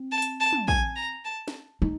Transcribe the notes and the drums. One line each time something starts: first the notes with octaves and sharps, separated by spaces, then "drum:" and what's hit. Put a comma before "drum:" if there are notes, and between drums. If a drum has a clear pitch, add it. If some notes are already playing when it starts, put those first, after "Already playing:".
Already playing: C4
A5
drum: hi-hat
A5
drum: tom
G#5, drum: kick
A#5
A5
drum: snare
D#4